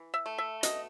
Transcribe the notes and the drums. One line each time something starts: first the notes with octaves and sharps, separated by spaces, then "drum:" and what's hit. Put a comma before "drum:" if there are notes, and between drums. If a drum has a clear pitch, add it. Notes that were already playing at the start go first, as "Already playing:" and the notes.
Already playing: E3
E5
A3
E5
B2 D#5, drum: hi-hat